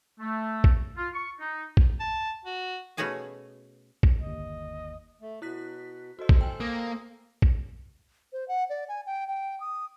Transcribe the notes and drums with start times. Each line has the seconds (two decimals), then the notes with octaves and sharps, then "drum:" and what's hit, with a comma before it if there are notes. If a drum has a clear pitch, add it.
0.19 A3
0.64 drum: kick A#1
0.97 F4
1.14 C#6
1.39 D#4
1.77 drum: kick A#1
2.00 A5
2.45 F#4
2.97 B2 A3 C#4 F#4 G#4 F5
4.03 drum: kick A#1
4.22 G1 D#2 D#5
5.21 A3
5.42 B2 E4 F#6 B6
6.19 F#4 A4 C5 D#5
6.29 drum: kick A#1
6.41 G5 G#5
6.60 A#3 D#6
7.42 drum: kick A#1
8.33 C5
8.48 F#5
8.69 D5
8.89 G#5
9.06 G5
9.28 G5
9.60 D#6